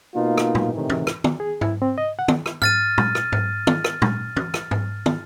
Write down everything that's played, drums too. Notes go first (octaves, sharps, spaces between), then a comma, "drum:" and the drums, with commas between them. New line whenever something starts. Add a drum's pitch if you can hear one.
B2 A#3 D#4 F4
drum: rim click
drum: tom A#2
A2 C3 D#3 E3
drum: tom
drum: rim click
drum: tom
G#4
E4, drum: tom G#2
C4
D#5
F#5
drum: tom
drum: rim click
F6 A6 D#7, drum: tom G#2
drum: tom A#2
drum: rim click
drum: tom G#2
drum: tom
drum: rim click
drum: tom A#2
drum: tom
drum: rim click
drum: tom G#2
drum: tom